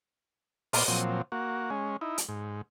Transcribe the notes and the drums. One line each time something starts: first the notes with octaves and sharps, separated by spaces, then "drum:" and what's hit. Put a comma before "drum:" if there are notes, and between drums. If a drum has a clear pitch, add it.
A#2 B3 D5 C6 F6, drum: open hi-hat
A#2 F3 F#3 C4
A#3 F#4
G#3 C#4
D#4 E4
drum: hi-hat
G#2